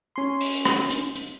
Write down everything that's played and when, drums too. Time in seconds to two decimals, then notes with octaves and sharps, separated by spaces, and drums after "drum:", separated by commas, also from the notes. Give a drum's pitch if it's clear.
0.16 C#4 C6
0.41 drum: open hi-hat
0.65 drum: rim click
0.90 drum: hi-hat
1.15 drum: hi-hat